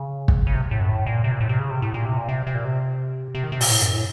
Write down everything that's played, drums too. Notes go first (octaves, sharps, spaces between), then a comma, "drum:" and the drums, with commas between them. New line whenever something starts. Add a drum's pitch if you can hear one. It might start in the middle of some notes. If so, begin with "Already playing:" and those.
Already playing: C#3
drum: kick
C#3
C3
A2
F#2
A2
A#2
C3
A#2
A2
C3
C#3
C3
A2
A#2
C3
A#2
C3
C3
A#2
C3
C3
D#3
C3
A#2, drum: open hi-hat
A2
F#2
A2